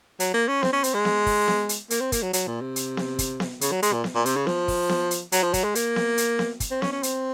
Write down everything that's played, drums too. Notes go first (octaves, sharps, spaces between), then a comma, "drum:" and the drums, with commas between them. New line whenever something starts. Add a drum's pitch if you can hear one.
F#3, drum: hi-hat
A#3
C#4
C4, drum: snare B3
C#4
C4, drum: hi-hat
G#3
drum: snare B3
drum: kick, open hi-hat
drum: snare B3
drum: hi-hat
A#3, drum: hi-hat
C4
A#3, drum: kick, hi-hat
F#3
F#3, drum: hi-hat
A#2
C3
drum: hi-hat
drum: snare B3
drum: kick, hi-hat
drum: snare B3
C#3, drum: hi-hat
F#3
G#3, drum: hi-hat
A#2
drum: snare B3
A#2
C3, drum: hi-hat
C#3
F3, drum: snare B3
drum: kick, open hi-hat
drum: snare B3
drum: hi-hat
F#3, drum: hi-hat
F3
F#3, drum: kick, hi-hat
G#3
A#3, drum: hi-hat
drum: snare B3
drum: hi-hat
drum: snare B3
drum: kick, hi-hat
C4
C#4, drum: snare B3
C#4
C4, drum: hi-hat